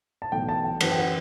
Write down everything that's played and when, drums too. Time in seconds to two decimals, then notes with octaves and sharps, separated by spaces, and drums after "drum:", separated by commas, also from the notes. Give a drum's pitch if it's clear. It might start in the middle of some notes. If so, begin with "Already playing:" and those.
0.22 A5
0.32 B1 A2 E3 G5
0.49 A5
0.64 G5
0.81 F#2 E3 B3 F#5, drum: cymbal
0.92 G5
0.97 F#5